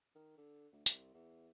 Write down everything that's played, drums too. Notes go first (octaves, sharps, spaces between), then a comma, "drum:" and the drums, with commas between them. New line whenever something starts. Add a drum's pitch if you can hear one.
D#3
D3
D2
C2, drum: hi-hat
E2